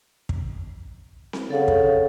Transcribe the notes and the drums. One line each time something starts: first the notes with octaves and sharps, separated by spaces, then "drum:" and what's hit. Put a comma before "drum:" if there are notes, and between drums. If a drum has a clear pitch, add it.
drum: kick
drum: snare C4
C#3 A4 F5 F#5
drum: kick